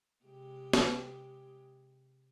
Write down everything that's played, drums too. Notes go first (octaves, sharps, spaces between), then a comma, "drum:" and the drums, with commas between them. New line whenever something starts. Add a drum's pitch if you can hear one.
C3 G#3 G4
drum: snare